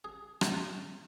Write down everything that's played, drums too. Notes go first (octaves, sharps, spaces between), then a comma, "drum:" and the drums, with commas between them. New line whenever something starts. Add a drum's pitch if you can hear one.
G#4
drum: rim click